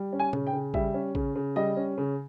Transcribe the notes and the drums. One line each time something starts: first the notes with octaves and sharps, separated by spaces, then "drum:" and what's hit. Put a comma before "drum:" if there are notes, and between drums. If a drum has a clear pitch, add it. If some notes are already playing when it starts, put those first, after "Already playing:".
Already playing: G3
C#4
G#5
C#3, drum: tom A#2
G5
C#3
G3 E5, drum: kick
C#4
C#3, drum: kick
C#3
G3 D#5
C#4
C#3